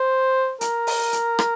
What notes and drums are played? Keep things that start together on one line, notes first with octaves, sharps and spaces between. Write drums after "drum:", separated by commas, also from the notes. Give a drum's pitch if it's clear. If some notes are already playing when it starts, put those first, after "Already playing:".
Already playing: C5
A#4, drum: hi-hat
drum: open hi-hat
drum: hi-hat
drum: rim click